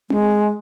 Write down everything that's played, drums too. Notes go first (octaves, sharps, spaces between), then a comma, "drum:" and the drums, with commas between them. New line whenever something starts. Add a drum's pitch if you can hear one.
G#3, drum: tom C4